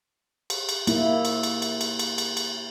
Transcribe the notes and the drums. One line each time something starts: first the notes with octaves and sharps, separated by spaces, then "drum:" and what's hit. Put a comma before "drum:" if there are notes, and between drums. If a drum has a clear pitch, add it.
drum: cymbal
drum: cymbal
A#3 E4, drum: cymbal
drum: cymbal
drum: cymbal
drum: cymbal
drum: cymbal
drum: cymbal
drum: cymbal
drum: cymbal